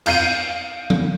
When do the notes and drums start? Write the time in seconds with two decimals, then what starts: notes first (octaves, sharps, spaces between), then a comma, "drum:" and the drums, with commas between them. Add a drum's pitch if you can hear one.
0.06 F5 G6 C7 D#7, drum: cymbal
0.90 drum: tom F3